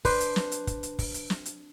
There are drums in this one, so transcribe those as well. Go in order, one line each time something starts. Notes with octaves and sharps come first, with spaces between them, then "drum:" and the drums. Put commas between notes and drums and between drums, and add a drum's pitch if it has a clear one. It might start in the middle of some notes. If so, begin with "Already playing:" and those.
D4 B4 C5, drum: kick, open hi-hat
drum: hi-hat
drum: snare
drum: hi-hat
drum: kick, hi-hat
drum: hi-hat
drum: kick, open hi-hat
drum: hi-hat
drum: snare
drum: hi-hat